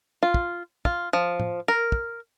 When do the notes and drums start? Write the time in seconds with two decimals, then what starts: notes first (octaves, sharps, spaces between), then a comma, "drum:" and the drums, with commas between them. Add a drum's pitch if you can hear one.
0.23 F4
0.34 drum: kick
0.85 F4, drum: kick
1.13 F3
1.40 drum: tom
1.68 A#4
1.92 drum: kick